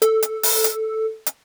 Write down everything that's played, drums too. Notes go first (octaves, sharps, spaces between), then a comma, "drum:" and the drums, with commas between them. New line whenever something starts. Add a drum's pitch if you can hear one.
A4, drum: hi-hat
drum: hi-hat
drum: open hi-hat
drum: hi-hat
drum: hi-hat